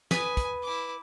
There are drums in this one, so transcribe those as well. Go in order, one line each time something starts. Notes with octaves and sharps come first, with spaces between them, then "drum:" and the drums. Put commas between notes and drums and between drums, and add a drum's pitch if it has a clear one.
B4 G#5 D#6, drum: snare
drum: kick, hi-hat
E4 D6